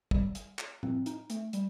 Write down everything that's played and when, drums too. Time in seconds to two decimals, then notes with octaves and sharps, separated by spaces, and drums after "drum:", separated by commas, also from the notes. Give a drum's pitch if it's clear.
0.11 G3, drum: kick
0.35 drum: hi-hat
0.59 drum: clap
0.83 C4, drum: tom A2
1.06 D#4, drum: hi-hat
1.30 A3, drum: hi-hat
1.53 G3, drum: hi-hat